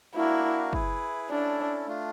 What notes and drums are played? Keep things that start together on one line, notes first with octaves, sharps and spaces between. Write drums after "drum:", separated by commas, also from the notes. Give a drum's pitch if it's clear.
A#3 D4 E4 F#4 A#4
E4 G#4 B4, drum: kick
C#4 D4 E4 A4
A3 D4 F4